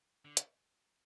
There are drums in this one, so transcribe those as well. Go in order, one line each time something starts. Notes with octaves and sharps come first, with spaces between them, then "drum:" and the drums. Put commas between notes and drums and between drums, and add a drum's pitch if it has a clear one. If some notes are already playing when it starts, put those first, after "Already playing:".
D3
drum: hi-hat